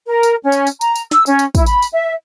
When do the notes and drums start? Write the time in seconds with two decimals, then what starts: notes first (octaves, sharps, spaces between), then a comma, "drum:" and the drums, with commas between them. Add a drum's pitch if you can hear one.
0.06 A#4
0.23 drum: tambourine
0.43 C#4
0.52 drum: tambourine
0.67 drum: tambourine
0.81 A#5, drum: tambourine
0.96 drum: tambourine
1.11 E6, drum: snare
1.26 C#4, drum: tambourine
1.39 drum: tambourine
1.55 E4, drum: kick, tambourine
1.66 B5, drum: tambourine
1.82 drum: tambourine
1.93 E5